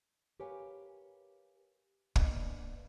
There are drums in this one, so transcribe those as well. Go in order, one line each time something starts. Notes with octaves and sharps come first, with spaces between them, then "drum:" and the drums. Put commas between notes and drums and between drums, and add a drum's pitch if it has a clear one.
G4 A#4 B4 C#5 F5 G#5
A#3 B3 D4 D#5, drum: kick